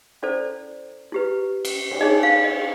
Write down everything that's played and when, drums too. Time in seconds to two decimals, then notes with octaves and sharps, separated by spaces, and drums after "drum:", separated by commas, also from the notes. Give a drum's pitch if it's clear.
0.23 C#4 E4 A4 C5 D5
1.12 E4 G4 B4
1.65 drum: cymbal
1.91 drum: cymbal
2.01 D#4 G#4 C#5 D#5
2.23 F5
2.44 D#5